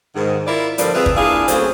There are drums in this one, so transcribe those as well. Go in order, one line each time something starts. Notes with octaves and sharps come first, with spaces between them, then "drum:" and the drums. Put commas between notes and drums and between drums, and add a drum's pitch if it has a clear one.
G#2 D#3
E4 F4 A#4 D5
G2 A#2 D3 F3 F4 D5, drum: hi-hat
C4 F4 G#4 B4 E5
drum: kick
A#2 D4 E4 G#4 F5
C#3 F#3 A3 C4 G#4 C5, drum: hi-hat